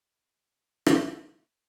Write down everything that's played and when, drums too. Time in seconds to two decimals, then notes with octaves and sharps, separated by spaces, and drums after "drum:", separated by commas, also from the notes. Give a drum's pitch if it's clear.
0.13 B5
0.37 B4 D5 G5 B5
0.87 drum: rim click
1.32 D#4 F4 C5 B5